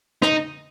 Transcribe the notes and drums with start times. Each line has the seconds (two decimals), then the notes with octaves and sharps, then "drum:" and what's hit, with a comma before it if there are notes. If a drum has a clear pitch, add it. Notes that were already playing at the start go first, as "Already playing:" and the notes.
0.22 D#4, drum: rim click